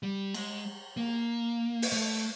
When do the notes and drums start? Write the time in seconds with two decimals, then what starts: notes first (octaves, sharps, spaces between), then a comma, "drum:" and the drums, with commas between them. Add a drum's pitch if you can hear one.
0.03 G3
0.34 G#3, drum: cymbal
0.97 A#3
1.82 drum: open hi-hat
1.92 A3